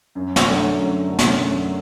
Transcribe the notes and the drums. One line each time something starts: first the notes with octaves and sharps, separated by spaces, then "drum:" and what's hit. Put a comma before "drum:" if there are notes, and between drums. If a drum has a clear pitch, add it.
F#2
drum: snare
D3 F#3 A3
F#2
D3 F#3 A3
drum: snare
F#2